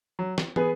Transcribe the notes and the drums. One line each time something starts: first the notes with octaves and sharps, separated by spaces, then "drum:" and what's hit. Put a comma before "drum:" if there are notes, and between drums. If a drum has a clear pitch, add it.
F#3
drum: snare
B3 G#4 B4, drum: tom